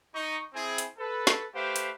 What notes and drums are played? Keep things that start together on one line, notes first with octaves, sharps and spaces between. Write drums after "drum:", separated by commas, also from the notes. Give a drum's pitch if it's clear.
D#4 C#6
C4 E4 G#4
drum: hi-hat
A4 B4
drum: snare
A3 G4 B4 C5 E5 F5
drum: hi-hat